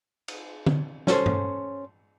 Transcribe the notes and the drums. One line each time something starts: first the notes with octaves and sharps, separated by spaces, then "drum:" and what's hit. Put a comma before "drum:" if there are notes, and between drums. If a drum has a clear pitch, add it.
drum: cymbal
drum: tom D3
C#4 A4 C5, drum: snare
drum: tom G2